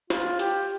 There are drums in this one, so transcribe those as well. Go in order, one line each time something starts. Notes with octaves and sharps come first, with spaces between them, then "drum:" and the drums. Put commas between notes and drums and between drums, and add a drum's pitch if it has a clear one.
F4, drum: snare
G4, drum: hi-hat